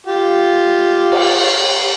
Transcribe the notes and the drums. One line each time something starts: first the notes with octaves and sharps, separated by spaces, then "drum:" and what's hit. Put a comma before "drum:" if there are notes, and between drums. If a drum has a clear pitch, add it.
F4 G4
drum: cymbal